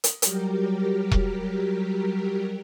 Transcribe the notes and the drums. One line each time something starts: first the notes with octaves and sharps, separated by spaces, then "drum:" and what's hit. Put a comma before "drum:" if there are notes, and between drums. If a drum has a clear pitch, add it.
drum: hi-hat
F#3 G3 G4 A#4, drum: hi-hat
drum: kick E1